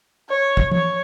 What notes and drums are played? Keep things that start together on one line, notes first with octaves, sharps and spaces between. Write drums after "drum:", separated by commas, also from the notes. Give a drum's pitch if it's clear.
C#5
drum: kick
C#5, drum: tom E3